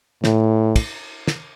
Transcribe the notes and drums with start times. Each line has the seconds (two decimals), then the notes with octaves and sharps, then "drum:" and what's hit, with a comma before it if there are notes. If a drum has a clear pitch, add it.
0.24 A2, drum: snare
0.76 drum: kick, cymbal
1.27 drum: snare